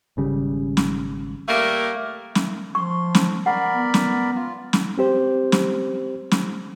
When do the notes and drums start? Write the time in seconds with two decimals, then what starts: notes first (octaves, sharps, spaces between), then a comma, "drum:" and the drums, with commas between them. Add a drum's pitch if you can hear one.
0.17 G#1 C#3 G3
0.77 drum: snare
1.49 G3 A3 A#3
2.35 drum: snare
2.75 F3 C6 C#6
3.15 drum: snare
3.46 A#4 D5 F#5 B5
3.73 B3
3.94 drum: snare
4.36 F4
4.73 drum: snare
4.98 C4 G4 C5
5.52 drum: snare
6.31 drum: snare